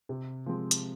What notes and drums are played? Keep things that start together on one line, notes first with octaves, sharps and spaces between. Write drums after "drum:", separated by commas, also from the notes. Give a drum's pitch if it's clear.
C3
F3 G#3 C4
drum: hi-hat